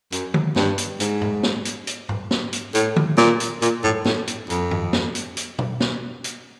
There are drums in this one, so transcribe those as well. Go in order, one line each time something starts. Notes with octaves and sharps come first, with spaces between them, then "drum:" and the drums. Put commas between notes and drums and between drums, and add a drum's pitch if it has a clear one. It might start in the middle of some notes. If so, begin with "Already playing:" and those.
F#2, drum: hi-hat
drum: tom
G2, drum: snare
drum: hi-hat
G#2, drum: hi-hat
drum: tom G#2
drum: snare
drum: hi-hat
drum: hi-hat
drum: tom G#2
drum: snare
drum: hi-hat
A2, drum: hi-hat
drum: tom
A#2, drum: snare
drum: hi-hat
A#2, drum: hi-hat
A2, drum: tom G#2
A2, drum: snare
drum: hi-hat
F2, drum: hi-hat
drum: tom
drum: snare
drum: hi-hat
drum: hi-hat
drum: tom
drum: snare
drum: hi-hat